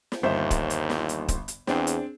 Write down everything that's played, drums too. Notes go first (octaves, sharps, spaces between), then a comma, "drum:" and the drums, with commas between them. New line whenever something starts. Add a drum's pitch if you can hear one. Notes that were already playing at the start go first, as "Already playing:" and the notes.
drum: snare
G1 D#2 C5 E5
drum: kick D1, hi-hat
drum: hi-hat
drum: snare
drum: hi-hat
drum: kick D1, hi-hat
drum: hi-hat
E2 C4 D4 G#4, drum: snare
drum: hi-hat